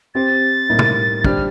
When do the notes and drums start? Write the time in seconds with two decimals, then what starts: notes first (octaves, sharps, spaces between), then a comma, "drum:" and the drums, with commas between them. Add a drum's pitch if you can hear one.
0.15 C4 G4 C5 A6
0.69 A2 G3 A#3 D#4
0.79 drum: tom
1.24 G3 D4 G4 C5 F6, drum: kick